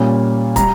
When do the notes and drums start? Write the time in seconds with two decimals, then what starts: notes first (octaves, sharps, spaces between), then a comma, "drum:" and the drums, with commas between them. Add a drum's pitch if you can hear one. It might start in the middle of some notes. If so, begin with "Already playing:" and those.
Already playing: A#2 G3 C#4
0.56 G3 A#5, drum: kick, hi-hat